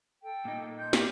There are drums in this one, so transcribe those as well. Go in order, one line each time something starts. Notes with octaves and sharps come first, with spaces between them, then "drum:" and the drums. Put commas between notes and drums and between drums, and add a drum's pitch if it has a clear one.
A4 G5
A#2 D#4
C6 G6
G4 A4, drum: snare